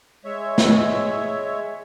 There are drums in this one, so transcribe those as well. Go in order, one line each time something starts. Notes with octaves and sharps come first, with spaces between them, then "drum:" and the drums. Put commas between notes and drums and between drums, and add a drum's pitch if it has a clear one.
G#3 C#5 E5
drum: snare